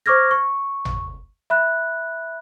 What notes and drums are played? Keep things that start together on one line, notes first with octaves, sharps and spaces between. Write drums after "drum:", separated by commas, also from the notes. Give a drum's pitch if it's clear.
C5 C#6 D6 F6 G#6 A#6
C#6
drum: tom G#1
E5 B5 F#6